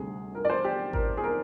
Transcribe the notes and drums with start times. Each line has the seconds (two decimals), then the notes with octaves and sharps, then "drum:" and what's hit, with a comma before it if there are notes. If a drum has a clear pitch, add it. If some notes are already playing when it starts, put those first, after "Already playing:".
Already playing: D2 C3 G3 C4 G#4
0.35 A#4
0.45 D5
0.50 C5
0.65 G4
0.93 A#4, drum: kick G#1
1.17 G#4
1.24 A#4